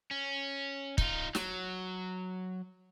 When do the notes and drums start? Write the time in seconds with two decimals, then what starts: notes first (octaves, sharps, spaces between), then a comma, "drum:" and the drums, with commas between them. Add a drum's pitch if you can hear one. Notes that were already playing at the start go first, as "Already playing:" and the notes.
0.11 C#4
0.98 D#4 F4, drum: kick
1.35 F#3, drum: snare